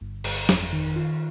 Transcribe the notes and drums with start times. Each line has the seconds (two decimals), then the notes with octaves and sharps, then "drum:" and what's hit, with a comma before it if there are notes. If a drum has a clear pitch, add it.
0.01 G1
0.24 G1, drum: cymbal
0.49 F2, drum: snare
0.73 D#3
0.96 F4